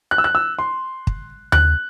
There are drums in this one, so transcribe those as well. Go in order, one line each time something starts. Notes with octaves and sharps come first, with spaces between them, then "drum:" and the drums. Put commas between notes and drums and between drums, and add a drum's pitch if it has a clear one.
F#6
E6
F#6
E6
C6
drum: kick
F#6, drum: tom D#2